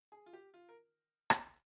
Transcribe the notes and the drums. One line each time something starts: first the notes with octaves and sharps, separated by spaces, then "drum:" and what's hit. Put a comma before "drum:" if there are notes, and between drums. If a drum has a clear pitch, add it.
G#4
F4
G4
F4
A#4
drum: rim click